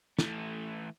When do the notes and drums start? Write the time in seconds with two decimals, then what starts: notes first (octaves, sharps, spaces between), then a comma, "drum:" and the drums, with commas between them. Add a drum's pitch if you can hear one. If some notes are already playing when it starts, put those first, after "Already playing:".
0.19 E3 A3, drum: snare